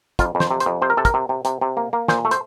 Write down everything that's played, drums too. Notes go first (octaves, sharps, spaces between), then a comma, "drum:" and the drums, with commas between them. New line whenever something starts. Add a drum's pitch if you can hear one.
F2 F4, drum: kick, hi-hat
F2
C5, drum: snare
C3
C5, drum: hi-hat
F2
C3 C5
A#4
C3 A4
A#4, drum: kick, hi-hat
C3
C3
C3, drum: hi-hat
C3
A#3
A#3
A#2 C5, drum: snare
A3
C5, drum: hi-hat